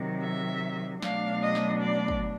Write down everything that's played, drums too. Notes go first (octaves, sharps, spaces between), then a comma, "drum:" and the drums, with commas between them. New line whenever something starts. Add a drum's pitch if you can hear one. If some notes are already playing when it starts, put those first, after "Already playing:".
Already playing: C3 D#3 F#3
E5
B2 F#3 A3 D4 F5, drum: snare
D#5
drum: snare
D5
drum: kick